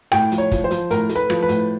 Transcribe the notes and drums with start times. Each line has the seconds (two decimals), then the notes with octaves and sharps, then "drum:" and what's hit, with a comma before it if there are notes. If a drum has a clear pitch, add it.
0.12 A2 G5, drum: rim click
0.32 F3, drum: hi-hat
0.38 C#5
0.52 F3, drum: kick, hi-hat
0.64 C5
0.71 F3, drum: hi-hat
0.91 A2 A#4, drum: hi-hat
1.09 A3, drum: hi-hat
1.16 B4
1.30 F3, drum: rim click
1.43 B4
1.49 A2, drum: hi-hat